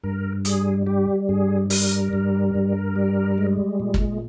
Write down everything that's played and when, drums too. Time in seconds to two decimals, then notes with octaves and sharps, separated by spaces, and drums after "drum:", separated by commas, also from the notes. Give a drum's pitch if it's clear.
0.04 G2 A#4
0.45 G3 G#4, drum: hi-hat
0.86 G3 G4
1.29 G2 G#4
1.70 G3 A#4, drum: open hi-hat
2.13 G2
2.55 G2
2.96 G3
3.38 G#3
3.80 A#2
3.94 drum: kick